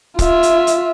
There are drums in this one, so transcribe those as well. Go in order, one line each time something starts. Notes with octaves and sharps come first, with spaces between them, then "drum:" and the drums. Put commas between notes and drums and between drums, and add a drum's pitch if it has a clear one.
F4 E5, drum: kick, hi-hat
drum: hi-hat
drum: hi-hat